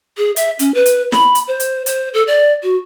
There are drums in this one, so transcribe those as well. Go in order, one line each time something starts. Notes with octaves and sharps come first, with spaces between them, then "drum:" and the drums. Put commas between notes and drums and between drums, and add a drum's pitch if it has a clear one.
G#4
E5, drum: hi-hat
C#4, drum: hi-hat
B4
drum: hi-hat
B5, drum: snare
drum: hi-hat
C5
drum: hi-hat
C5, drum: hi-hat
A4
D5
F#4